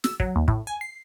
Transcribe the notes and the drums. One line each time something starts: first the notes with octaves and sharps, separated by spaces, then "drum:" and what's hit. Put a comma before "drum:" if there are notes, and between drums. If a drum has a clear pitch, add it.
E6, drum: snare
F#3, drum: kick
D#2
A2, drum: kick
G#5
C7